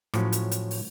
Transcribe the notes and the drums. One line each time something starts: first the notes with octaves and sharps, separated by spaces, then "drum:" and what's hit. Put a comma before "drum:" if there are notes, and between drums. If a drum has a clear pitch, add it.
A2 F3 F#3 C#4, drum: rim click
drum: hi-hat
drum: hi-hat
drum: open hi-hat